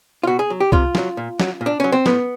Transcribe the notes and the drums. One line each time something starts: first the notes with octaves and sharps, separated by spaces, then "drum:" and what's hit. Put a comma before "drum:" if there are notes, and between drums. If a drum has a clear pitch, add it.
F4
B2 F#4
G#4
F#3
G4
C3 F4, drum: kick C2
D#3, drum: snare
F#3
A#2
F#3, drum: snare
A#2
D4
F#3 C#4
C4
A2 B3, drum: snare